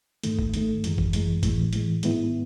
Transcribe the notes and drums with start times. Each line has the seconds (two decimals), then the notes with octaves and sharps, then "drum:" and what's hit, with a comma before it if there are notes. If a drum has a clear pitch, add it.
0.23 G#2 D#3 A3, drum: hi-hat
0.39 drum: kick G1
0.54 G#2 D#3 A3, drum: hi-hat
0.84 F#2 E3 G#3, drum: hi-hat
0.98 drum: kick G1
1.13 F#2 E3 G#3, drum: hi-hat
1.43 A2 E3 G#3, drum: kick G1, hi-hat
1.73 A2 E3 G#3, drum: hi-hat
2.03 G#2 D#3 G#3 B3 E4, drum: hi-hat